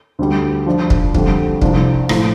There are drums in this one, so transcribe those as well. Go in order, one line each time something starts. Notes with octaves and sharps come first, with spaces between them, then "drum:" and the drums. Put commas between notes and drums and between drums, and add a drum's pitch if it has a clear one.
D2 D3 G3
F3 D4 F4
drum: kick
F2 D3 G3, drum: kick
C2 C3 F3 D4, drum: kick
A2 F3 A3, drum: rim click